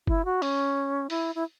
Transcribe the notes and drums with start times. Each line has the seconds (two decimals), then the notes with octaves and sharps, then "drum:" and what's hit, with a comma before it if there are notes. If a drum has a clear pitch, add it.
0.07 E4, drum: kick F#1
0.25 F#4
0.42 C#4, drum: open hi-hat
1.10 E4, drum: open hi-hat
1.35 E4